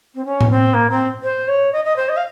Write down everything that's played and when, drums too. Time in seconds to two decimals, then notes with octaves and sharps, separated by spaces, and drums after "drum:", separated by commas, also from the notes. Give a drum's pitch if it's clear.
0.14 C4
0.24 C#4
0.41 drum: tom A2
0.50 C4
0.73 A#3
0.90 C4
1.23 C5
1.47 C#5
1.72 D#5
1.84 D#5
1.96 C5
2.08 D#5
2.16 F5